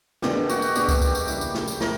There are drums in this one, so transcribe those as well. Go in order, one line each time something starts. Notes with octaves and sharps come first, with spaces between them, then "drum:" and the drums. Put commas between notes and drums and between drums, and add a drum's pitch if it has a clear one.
E1 E2 B2 A#3 D4 G4, drum: snare
F#4, drum: tambourine
drum: tambourine
E1 E2 B2 A#3 D4 G4, drum: tambourine
drum: kick C2, tambourine
drum: tambourine
drum: tambourine
C#3 G3 A#3 E4, drum: tambourine
drum: tambourine
drum: snare
drum: tambourine
A#3 E4 A#4, drum: snare